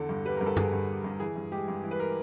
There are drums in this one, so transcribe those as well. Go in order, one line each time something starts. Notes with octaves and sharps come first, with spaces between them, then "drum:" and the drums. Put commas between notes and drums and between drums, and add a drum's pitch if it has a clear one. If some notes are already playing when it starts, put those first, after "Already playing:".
Already playing: E2 D3 A4
G2
G3 B4
G2 A#4
A4
D3 G#4, drum: tom G2
G2
G3
G2
E3 G#4
G2
G#3 G4
G2
E3
B4
A#4